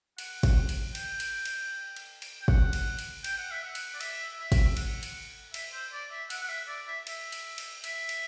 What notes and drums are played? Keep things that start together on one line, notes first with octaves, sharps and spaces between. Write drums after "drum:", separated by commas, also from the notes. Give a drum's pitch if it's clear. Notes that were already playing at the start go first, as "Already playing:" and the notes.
F#5, drum: cymbal
drum: kick, cymbal
drum: cymbal
G5, drum: cymbal
drum: cymbal
drum: cymbal
drum: cymbal
drum: cymbal
G5
F#5, drum: kick
drum: cymbal
drum: cymbal
G5, drum: cymbal
F#5
E5
F#5
drum: cymbal
D5
E5, drum: cymbal
E5
drum: kick, cymbal
F#5, drum: cymbal
drum: cymbal
E5, drum: cymbal
C5
D5
E5
F#5, drum: cymbal
F#5
E5
D5
E5
E5, drum: cymbal
drum: cymbal
drum: cymbal
E5, drum: cymbal
drum: cymbal